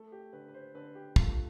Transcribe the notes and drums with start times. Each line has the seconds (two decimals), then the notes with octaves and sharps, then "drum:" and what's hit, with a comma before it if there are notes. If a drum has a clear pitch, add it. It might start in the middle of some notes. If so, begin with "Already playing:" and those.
Already playing: A3 A4
0.12 G4
0.33 D3 B4
0.48 B4
0.54 C5
0.74 D3 B4
0.95 G4
1.16 A3 F4, drum: kick